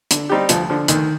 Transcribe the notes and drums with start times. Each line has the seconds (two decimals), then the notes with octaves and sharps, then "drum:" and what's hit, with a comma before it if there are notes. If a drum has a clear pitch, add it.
0.11 D3, drum: hi-hat
0.29 G3 C4 D#4 G4
0.49 D2 F3, drum: hi-hat
0.70 D3 F3
0.88 D2 D#3, drum: hi-hat